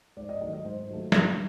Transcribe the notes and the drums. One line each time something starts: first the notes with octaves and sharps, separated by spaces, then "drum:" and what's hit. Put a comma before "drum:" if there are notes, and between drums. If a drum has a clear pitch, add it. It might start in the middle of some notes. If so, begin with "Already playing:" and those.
G#2 D5
D#5
D#3 F#3 A3 D#5
D#5
G#2 C5
D#3 F#3 A3
G2, drum: snare